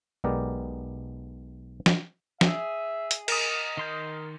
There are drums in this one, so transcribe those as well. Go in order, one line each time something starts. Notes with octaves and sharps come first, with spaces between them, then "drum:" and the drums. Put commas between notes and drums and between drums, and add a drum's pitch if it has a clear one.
B1 G#3 B3 G4 A#4 D5
drum: snare
G#4 E5, drum: snare
drum: hi-hat
A#4 D#5 D#6, drum: cymbal
D#3 C6 G6